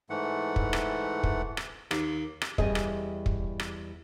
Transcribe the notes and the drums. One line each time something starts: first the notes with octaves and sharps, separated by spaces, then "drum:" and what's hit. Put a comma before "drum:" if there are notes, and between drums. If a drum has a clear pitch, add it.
G#2 E3 A3 F#5
drum: kick
drum: rim click
drum: kick
drum: rim click
D#2, drum: rim click
drum: rim click
E2 G3 G#4 D#5, drum: kick
drum: rim click
drum: kick
drum: rim click